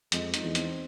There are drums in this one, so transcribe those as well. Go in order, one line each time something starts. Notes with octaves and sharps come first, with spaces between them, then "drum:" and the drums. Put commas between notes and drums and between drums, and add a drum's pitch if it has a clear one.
F2 G#3, drum: hi-hat
D#4, drum: hi-hat
E2
C4, drum: hi-hat